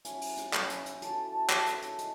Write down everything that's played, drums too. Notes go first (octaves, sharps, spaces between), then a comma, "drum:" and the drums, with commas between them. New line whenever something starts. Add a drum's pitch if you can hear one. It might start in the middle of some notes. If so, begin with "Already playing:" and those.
F#3 C#4 E4 G#5, drum: hi-hat
drum: open hi-hat
drum: hi-hat
F#3 C#4 E4, drum: clap
drum: hi-hat
drum: hi-hat
F#3 A3 E4 A5, drum: hi-hat
A5
F#3 A3 E4 A5, drum: clap
drum: hi-hat
drum: hi-hat
G#3, drum: hi-hat